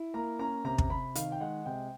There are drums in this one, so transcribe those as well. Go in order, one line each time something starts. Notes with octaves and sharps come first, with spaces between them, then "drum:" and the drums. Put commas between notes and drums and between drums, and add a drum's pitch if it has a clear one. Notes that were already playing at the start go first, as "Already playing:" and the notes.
Already playing: E4
A#3 A#5
C#4 A#5
C3 A#5
drum: kick
C3 B5
D#3 F5, drum: hi-hat
G5
G#3 F#5
C3 G5